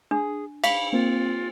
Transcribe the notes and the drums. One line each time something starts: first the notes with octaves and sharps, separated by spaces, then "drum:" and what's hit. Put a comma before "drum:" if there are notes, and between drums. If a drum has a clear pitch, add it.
D4 G#4
F5 B5, drum: cymbal
A#3 C4 F4